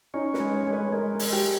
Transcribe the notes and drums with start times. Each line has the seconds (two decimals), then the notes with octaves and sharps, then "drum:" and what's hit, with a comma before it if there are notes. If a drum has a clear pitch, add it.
0.14 C#4 D#4
0.34 B4, drum: snare
0.40 G#3
0.54 C#5
0.67 G#3
0.73 B4
0.92 G#3 A#4
1.19 G#3, drum: open hi-hat
1.32 G4